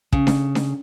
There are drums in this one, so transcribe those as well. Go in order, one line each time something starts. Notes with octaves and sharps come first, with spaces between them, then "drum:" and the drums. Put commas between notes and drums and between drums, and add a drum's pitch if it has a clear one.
C#3, drum: kick
drum: snare D4
drum: snare D4